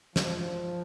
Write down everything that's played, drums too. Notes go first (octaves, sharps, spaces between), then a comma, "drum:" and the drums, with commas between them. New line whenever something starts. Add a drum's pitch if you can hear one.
F3, drum: snare